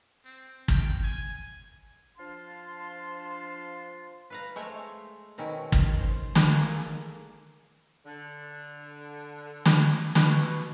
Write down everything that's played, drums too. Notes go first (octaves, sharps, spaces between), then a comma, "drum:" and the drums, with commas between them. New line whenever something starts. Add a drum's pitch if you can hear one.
C4
G5, drum: kick
G#5
F3 D4 F5 A5 C6
B4 F5 A#5
G#3 A3 C5 C#5
B2 D#3 C4 C#4
drum: kick
C5
drum: snare
A#3 G#4 A4
D3
drum: snare
B2, drum: snare